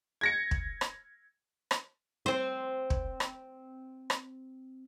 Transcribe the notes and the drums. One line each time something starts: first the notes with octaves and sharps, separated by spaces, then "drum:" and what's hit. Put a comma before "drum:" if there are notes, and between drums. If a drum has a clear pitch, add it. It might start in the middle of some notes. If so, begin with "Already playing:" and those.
G#6 A#6 C#7
drum: kick
drum: rim click
drum: rim click
C4 C5
drum: kick
drum: rim click
drum: rim click